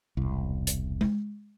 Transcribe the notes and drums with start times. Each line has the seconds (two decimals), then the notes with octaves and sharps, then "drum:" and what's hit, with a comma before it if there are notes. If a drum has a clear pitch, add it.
0.17 E1 C2
0.67 drum: hi-hat
1.01 drum: tom G#3